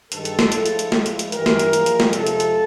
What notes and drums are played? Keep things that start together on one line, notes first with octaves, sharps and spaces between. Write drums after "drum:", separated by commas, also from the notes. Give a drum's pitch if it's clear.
G2 D#3 G#3 A4, drum: hi-hat
drum: hi-hat
drum: snare
A2 F3 G#3, drum: hi-hat
drum: hi-hat
drum: hi-hat
A2 F3 G#3, drum: snare
drum: hi-hat
drum: hi-hat
G2 E3 G3 A#4, drum: hi-hat
drum: snare
drum: hi-hat
A#2 F3 G#3, drum: hi-hat
drum: hi-hat
drum: snare
F2 C3 F3 G#3 A4, drum: hi-hat
drum: hi-hat
drum: hi-hat